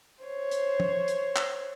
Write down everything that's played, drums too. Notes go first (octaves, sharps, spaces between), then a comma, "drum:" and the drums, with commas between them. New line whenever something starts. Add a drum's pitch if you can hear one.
C5 C#5
drum: hi-hat
drum: tom
drum: hi-hat
drum: clap